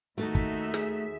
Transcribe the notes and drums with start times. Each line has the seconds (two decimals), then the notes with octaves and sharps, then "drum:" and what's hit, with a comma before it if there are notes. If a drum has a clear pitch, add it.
0.18 D#2 A3 D#4 F#4 A4 E5
0.35 drum: kick
0.74 G#4, drum: snare